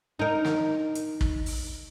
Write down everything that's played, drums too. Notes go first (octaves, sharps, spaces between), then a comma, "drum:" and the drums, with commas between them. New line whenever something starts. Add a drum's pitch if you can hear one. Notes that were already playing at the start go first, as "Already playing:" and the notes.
D#4 A#4
drum: snare
drum: hi-hat
drum: kick
drum: open hi-hat